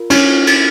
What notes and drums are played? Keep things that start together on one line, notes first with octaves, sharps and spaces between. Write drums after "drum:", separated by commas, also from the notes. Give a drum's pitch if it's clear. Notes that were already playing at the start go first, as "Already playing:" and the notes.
Already playing: F4 A#4
C#4, drum: cymbal
drum: cymbal